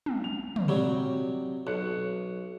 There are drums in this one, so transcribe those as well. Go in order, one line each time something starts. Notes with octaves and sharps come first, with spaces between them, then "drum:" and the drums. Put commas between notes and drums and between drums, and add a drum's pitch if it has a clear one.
drum: tom
F7
drum: tom
C3 F#3 G3
B1 F#6 C#7